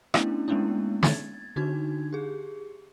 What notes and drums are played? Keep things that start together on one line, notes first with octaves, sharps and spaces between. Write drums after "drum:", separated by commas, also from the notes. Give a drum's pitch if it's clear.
A3 B3 C#4 D4 E4, drum: rim click
G#3 A#3 B3 C#4 D4 E4
G#6 A6, drum: snare
D3 D4 D#4 F#4 G#6
G4 G#4